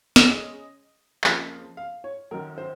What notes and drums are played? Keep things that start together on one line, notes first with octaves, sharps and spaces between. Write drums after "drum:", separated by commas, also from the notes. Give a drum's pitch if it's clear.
C#3 G#3 C#4 G#4 C#5 D#5, drum: snare
F2 C#3 F3 A#3 F4, drum: clap
F5
C#5
F#2 D#3 F#3 A#4
C5